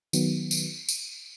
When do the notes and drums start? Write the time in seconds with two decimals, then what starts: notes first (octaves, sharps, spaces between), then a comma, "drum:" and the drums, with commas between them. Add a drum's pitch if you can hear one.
0.13 D#3 F#3 B3, drum: tambourine
0.51 drum: tambourine
0.89 drum: tambourine